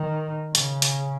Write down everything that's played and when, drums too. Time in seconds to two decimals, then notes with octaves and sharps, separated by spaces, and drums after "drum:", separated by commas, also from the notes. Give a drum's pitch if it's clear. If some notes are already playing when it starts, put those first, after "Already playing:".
Already playing: D#3
0.55 C#3, drum: hi-hat
0.82 drum: hi-hat